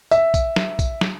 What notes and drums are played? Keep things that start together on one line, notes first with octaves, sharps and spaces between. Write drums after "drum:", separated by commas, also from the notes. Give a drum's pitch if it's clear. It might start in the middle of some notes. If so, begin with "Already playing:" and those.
E5, drum: tambourine
drum: kick, tambourine
drum: snare
drum: kick, tambourine
drum: snare